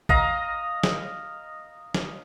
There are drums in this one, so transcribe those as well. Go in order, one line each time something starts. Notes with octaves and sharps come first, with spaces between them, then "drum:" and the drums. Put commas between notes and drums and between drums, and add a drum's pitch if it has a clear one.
D#5 F5 A#5, drum: kick A#1
drum: snare
drum: snare